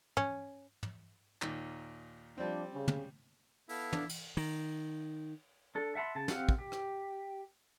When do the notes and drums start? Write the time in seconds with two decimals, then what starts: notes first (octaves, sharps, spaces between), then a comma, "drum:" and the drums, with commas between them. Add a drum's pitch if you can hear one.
0.17 C#4, drum: tom
0.83 drum: tom
1.42 D#2 A#2 D#3, drum: clap
2.38 F3 G3 C4 D4
2.74 C#3
2.88 drum: tom
3.69 B3 E4 A4 F5, drum: open hi-hat
3.93 D4, drum: tom
4.09 drum: cymbal
4.37 D#3, drum: open hi-hat
5.75 D4 A4
5.95 E5 F#5 A5 B5 C6
6.15 C#3 A5
6.28 C4 G4 F5 F#5, drum: snare
6.49 drum: kick
6.58 G4
6.72 drum: rim click